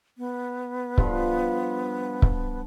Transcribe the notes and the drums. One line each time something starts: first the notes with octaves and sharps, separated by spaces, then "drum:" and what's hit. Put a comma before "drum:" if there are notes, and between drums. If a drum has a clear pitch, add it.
B3
G2 F3 B5, drum: kick C#1
drum: kick C#1